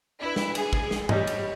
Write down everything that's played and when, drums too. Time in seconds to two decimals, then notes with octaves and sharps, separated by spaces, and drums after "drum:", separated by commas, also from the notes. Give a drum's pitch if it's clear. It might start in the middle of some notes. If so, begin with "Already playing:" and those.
0.21 D4 E4 B4
0.36 drum: snare
0.55 G#4, drum: cymbal
0.73 drum: kick
0.91 drum: snare
1.09 G3 C#5 D#5, drum: tom G2
1.27 drum: cymbal